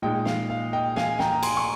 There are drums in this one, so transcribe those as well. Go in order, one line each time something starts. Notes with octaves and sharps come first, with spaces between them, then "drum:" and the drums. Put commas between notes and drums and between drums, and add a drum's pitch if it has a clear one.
A#2 G#3 D#4 D#5 G5
F5, drum: snare
F5
D#5 G5
F5 G#5, drum: snare
G5 A#5, drum: snare
A#5
G#5 C6, drum: cymbal
C#6